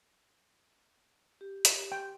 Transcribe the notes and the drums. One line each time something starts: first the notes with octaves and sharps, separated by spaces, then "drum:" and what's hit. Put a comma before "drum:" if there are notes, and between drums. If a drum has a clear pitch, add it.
G4
drum: hi-hat
G5